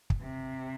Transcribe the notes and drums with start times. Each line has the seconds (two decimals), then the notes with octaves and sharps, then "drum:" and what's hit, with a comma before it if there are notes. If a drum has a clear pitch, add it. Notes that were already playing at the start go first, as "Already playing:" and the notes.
0.10 drum: kick
0.22 C3